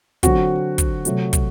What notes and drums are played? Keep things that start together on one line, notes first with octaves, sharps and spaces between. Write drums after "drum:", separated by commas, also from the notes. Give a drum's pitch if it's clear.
D3 F#3 C4 F#4, drum: kick, hi-hat
drum: kick, hi-hat
C3 F#3 A3, drum: hi-hat
drum: kick, hi-hat